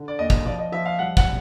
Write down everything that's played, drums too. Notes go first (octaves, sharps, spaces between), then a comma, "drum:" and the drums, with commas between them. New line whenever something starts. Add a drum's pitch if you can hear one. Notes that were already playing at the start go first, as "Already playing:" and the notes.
Already playing: D3
D5
D#2 D#5
drum: kick
F3 D5
D#5
F3 E5
F5
G3 F#5
F#5, drum: kick